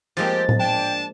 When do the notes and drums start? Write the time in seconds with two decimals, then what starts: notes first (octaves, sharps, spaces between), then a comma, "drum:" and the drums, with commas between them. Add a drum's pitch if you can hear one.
0.17 F3 G#3 A#3 C4 G4 A6
0.49 drum: tom A2
0.60 D4 G5 A5